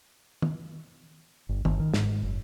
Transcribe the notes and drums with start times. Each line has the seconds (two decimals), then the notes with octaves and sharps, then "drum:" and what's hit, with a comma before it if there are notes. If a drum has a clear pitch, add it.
0.42 drum: tom
1.49 G1
1.65 G1, drum: tom
1.80 D#3
1.94 G#2, drum: snare
2.23 F#1